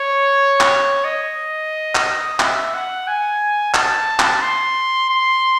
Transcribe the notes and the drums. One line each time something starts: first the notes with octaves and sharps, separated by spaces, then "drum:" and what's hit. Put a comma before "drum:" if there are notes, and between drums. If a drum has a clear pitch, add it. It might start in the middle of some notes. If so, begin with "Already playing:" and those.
Already playing: C#5
drum: clap
D#5
drum: clap
E5, drum: clap
F#5
G#5
A5, drum: clap
drum: clap
C6
C6